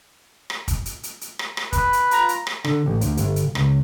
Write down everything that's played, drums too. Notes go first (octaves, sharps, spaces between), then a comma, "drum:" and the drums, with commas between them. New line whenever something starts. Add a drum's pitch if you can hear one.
drum: rim click
drum: kick, hi-hat
drum: hi-hat
drum: hi-hat
drum: hi-hat
drum: rim click
drum: rim click
B4, drum: kick, hi-hat
drum: hi-hat
F4 A#5, drum: hi-hat
drum: hi-hat
drum: rim click
D3, drum: rim click
A1
D2, drum: hi-hat
G1, drum: hi-hat
drum: hi-hat
C#2, drum: rim click